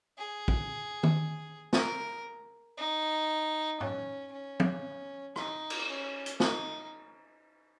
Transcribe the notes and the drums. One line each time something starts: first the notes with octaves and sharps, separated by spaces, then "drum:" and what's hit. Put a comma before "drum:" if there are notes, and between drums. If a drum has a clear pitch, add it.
G#4
drum: kick
drum: tom D#3
A#4, drum: snare
D#4
C#4, drum: tom
C#4
drum: tom
D#4, drum: rim click
drum: cymbal
C#4
drum: hi-hat
D#4, drum: snare